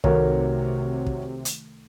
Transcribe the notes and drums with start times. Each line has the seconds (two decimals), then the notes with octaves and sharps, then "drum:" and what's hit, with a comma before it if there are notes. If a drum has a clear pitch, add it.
0.04 C2 C3 D#3 A3 F#4 A#4 C#5, drum: kick
1.06 drum: kick
1.45 drum: hi-hat